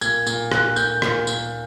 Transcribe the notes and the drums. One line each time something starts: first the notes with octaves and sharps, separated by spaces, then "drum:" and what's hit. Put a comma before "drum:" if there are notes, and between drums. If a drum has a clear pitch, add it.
A#2 G#6, drum: tambourine
A#2, drum: tambourine
A#2 F#6, drum: rim click
A#2 G6, drum: tambourine
A#2, drum: rim click
A#2, drum: tambourine